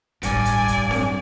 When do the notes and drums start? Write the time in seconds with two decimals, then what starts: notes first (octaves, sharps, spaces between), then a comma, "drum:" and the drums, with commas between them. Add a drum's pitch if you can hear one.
0.23 A1 G2 D3 D5 G#5, drum: hi-hat
0.45 drum: hi-hat
0.68 drum: kick, hi-hat
0.91 drum: snare C4